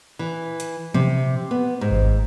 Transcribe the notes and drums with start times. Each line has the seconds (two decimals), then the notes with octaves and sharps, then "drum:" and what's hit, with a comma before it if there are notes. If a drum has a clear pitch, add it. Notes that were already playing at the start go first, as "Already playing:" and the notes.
0.19 E3
0.60 drum: hi-hat
0.94 C3, drum: tom E3
1.51 B3
1.81 G#2
1.91 drum: kick G#1